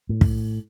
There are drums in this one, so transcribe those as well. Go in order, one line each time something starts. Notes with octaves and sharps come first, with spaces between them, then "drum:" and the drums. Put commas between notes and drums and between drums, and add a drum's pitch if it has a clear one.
A2
drum: kick